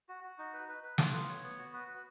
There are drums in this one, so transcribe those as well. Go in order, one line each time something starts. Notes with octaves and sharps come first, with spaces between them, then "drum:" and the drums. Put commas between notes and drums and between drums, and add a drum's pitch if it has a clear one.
F#4
F#4
D#4
B4
B4
B4
F4, drum: snare
B3
C#5
B3
F#4
B4
B4